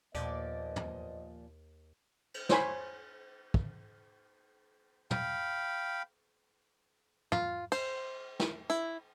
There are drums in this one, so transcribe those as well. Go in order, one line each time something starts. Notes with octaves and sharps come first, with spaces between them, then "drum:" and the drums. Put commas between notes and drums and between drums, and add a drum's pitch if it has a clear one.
D#2 A#2 F3 B3 C5 D5 D#5, drum: hi-hat
drum: tom
drum: cymbal
C5 C#5 G#5 B5, drum: snare
drum: kick
F5 G5 B5, drum: tom
F4, drum: tom
C5, drum: cymbal
drum: snare
E4, drum: hi-hat